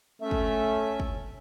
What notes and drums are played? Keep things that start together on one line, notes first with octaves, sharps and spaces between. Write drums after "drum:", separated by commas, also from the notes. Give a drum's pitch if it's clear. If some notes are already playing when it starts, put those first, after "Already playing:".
A3 C#4 E5
drum: kick
drum: kick